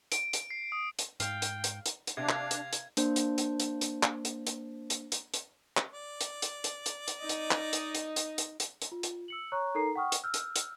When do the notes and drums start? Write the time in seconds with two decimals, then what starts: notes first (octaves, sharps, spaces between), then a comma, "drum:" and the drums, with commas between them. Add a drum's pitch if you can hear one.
0.12 D7, drum: hi-hat
0.33 drum: hi-hat
0.51 C7
0.72 D#6
0.99 drum: hi-hat
1.20 G#2 F5 G5, drum: hi-hat
1.42 drum: hi-hat
1.64 drum: hi-hat
1.86 drum: hi-hat
2.07 drum: hi-hat
2.17 C3 D4 F5 G#6
2.29 drum: clap
2.51 drum: hi-hat
2.73 drum: hi-hat
2.97 A#3 D4 C5, drum: hi-hat
3.16 drum: hi-hat
3.38 drum: hi-hat
3.60 drum: hi-hat
3.81 drum: hi-hat
4.03 drum: clap
4.25 drum: hi-hat
4.47 drum: hi-hat
4.90 drum: hi-hat
5.12 drum: hi-hat
5.34 drum: hi-hat
5.77 drum: clap
5.92 D5
6.21 drum: hi-hat
6.42 drum: hi-hat
6.64 drum: hi-hat
6.86 drum: hi-hat
7.08 drum: hi-hat
7.20 D#4 D#5
7.29 drum: hi-hat
7.51 drum: clap
7.73 drum: hi-hat
7.95 drum: hi-hat
8.16 drum: hi-hat
8.38 drum: hi-hat
8.60 drum: hi-hat
8.82 drum: hi-hat
8.92 F4
9.03 drum: hi-hat
9.28 E6 C#7 F#7
9.52 C#5 A#5 C#6 F#6
9.75 D#4 A4 A#4 A#5 C7
9.95 F#5 G5 C#6 D#6 F6
10.12 drum: hi-hat
10.24 E6 F6 G6
10.34 drum: hi-hat
10.56 drum: hi-hat